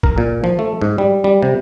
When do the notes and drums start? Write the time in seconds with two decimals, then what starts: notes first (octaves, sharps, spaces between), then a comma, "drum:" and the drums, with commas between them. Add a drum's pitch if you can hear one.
0.03 A#4, drum: kick A1
0.18 A#2
0.44 F3
0.59 A3
0.82 G#2
0.98 G3
1.24 G3
1.42 C3